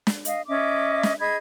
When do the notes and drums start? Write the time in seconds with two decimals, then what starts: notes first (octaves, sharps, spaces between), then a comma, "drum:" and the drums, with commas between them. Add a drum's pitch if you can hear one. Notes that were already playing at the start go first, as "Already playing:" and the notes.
0.07 drum: snare
0.25 D#5 F5, drum: hi-hat
0.47 C#4 D#5 E5 D6
1.03 drum: snare
1.19 G#4 D#5 B5 G#6